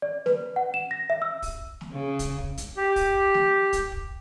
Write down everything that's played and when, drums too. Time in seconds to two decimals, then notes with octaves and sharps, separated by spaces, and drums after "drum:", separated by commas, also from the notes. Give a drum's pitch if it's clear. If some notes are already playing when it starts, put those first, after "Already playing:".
0.02 D5
0.26 B4, drum: snare
0.56 F#5
0.74 E7
0.91 A#6
1.10 E5
1.22 E6
1.42 drum: kick, open hi-hat
1.81 drum: snare
1.92 C#3
2.19 drum: kick, hi-hat
2.38 drum: kick
2.58 drum: hi-hat
2.77 G4
2.96 drum: kick, open hi-hat
3.34 drum: snare
3.73 drum: kick, hi-hat
3.92 drum: kick